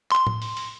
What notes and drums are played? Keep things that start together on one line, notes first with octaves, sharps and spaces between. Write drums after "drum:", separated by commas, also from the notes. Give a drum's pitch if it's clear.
C6, drum: clap
drum: tom A2
drum: open hi-hat
drum: open hi-hat